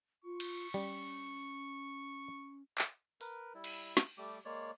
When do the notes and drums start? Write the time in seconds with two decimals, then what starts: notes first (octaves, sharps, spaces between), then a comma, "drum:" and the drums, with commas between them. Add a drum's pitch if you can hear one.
0.24 F4 C#6
0.40 drum: cymbal
0.74 G3 C#4, drum: open hi-hat
2.78 drum: clap
3.21 A#4 B4, drum: open hi-hat
3.55 G3 E4
3.64 drum: cymbal
3.97 drum: snare
4.18 G3 A3 G4 D6
4.45 G#3 A#3 C#5 D5